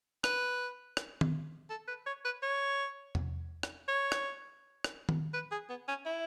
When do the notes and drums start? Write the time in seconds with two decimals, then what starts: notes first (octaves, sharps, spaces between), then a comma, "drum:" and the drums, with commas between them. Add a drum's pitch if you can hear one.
0.24 B4, drum: rim click
0.97 drum: rim click
1.21 drum: tom D#3
1.70 A4
1.87 B4
2.06 C#5
2.24 B4
2.42 C#5
3.15 drum: tom E2
3.63 drum: rim click
3.88 C#5
4.12 drum: rim click
4.84 drum: rim click
5.09 drum: tom D#3
5.33 B4
5.51 G#4
5.69 B3
5.88 C#4
6.05 E4